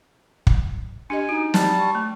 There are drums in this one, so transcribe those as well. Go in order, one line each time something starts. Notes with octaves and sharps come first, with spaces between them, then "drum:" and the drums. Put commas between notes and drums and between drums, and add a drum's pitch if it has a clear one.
drum: kick
D4 G4 D#5 G#5
D#4 F#4
G3 A5, drum: snare
C#6
A3